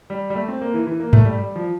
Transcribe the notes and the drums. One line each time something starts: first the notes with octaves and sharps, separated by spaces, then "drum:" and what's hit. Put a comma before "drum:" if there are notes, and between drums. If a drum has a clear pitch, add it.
G3
G3
A3
C4
A#3
E3
E3
A#3
A3, drum: tom G2
G3
G3
F3